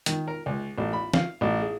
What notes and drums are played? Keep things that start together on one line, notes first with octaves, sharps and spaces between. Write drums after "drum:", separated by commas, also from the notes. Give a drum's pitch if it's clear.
D#3, drum: hi-hat
A#4
C#2
A1
B5
F5, drum: snare
A1
G#4